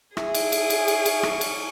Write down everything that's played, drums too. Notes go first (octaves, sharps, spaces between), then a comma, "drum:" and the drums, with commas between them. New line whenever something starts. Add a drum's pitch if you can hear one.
E4 G#4, drum: rim click
drum: cymbal
drum: cymbal
drum: cymbal
drum: cymbal
drum: cymbal
drum: rim click
drum: cymbal